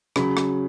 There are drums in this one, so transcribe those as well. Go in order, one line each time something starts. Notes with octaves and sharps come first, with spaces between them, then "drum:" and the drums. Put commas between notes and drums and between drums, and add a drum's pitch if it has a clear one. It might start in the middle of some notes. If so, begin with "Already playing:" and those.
C#3 F#3 B5, drum: rim click
drum: rim click